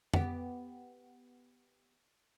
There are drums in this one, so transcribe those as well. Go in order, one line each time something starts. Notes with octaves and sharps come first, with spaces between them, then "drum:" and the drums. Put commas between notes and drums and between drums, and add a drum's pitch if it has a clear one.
B3 G4, drum: tom